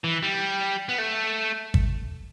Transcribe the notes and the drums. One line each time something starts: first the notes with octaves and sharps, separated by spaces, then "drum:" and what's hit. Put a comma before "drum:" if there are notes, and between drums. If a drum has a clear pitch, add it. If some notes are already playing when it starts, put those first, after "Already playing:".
E3
G3
B3
A3
drum: kick